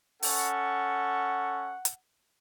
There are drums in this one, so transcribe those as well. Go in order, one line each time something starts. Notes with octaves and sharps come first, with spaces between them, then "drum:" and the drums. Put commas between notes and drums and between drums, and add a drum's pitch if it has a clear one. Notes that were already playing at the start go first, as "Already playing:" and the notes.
C#4 A4 F#5 C#6, drum: open hi-hat
drum: hi-hat